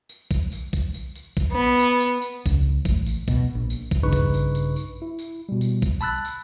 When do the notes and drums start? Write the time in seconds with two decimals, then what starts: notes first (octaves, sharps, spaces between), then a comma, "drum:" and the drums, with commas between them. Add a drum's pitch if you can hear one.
0.09 drum: tambourine
0.31 drum: kick, tambourine
0.52 drum: tambourine
0.73 drum: kick, tambourine
0.94 drum: tambourine
1.16 drum: tambourine
1.37 drum: kick, tambourine
1.52 B3
1.79 drum: tambourine
2.00 drum: tambourine
2.22 drum: tambourine
2.46 C#2, drum: kick, tambourine
2.85 A1, drum: kick, tambourine
3.07 drum: tambourine
3.28 B2, drum: kick, tambourine
3.55 A#1
3.70 drum: tambourine
3.91 drum: kick, tambourine
4.03 A#1 G2 C#3 D#4 B4 C#6
4.13 drum: kick, tambourine
4.34 drum: tambourine
4.55 drum: tambourine
4.76 drum: tambourine
5.02 E4
5.19 drum: tambourine
5.49 B2 G3
5.61 drum: tambourine
5.82 drum: kick, tambourine
6.01 A5 B5 E6 F#6 A6, drum: tambourine
6.25 drum: tambourine